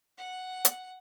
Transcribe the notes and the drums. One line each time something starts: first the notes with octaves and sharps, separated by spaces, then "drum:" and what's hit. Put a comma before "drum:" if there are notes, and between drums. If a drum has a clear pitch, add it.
F#5
drum: hi-hat